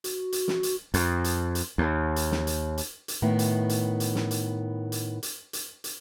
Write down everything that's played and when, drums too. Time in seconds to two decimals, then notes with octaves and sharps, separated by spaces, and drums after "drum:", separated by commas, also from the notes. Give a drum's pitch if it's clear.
0.04 F#4, drum: hi-hat
0.32 drum: hi-hat
0.48 drum: snare
0.63 drum: hi-hat
0.94 F2, drum: hi-hat
1.24 drum: hi-hat
1.55 drum: hi-hat
1.78 D#2
2.16 drum: hi-hat
2.32 drum: snare
2.47 drum: hi-hat
2.78 drum: hi-hat
3.08 drum: hi-hat
3.22 A2 D#3 B3
3.39 drum: hi-hat
3.69 drum: hi-hat
4.00 drum: hi-hat
4.15 drum: snare
4.31 drum: hi-hat
4.92 drum: hi-hat
5.23 drum: hi-hat
5.53 drum: hi-hat
5.84 drum: hi-hat